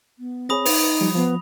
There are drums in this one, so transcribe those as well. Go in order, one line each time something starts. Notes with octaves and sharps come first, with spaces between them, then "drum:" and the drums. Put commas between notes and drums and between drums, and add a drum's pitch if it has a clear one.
B3
C4 G#4 C#5 B5 D#6 A#6
D#4 B4 F7, drum: open hi-hat
F3 G3
F3 B3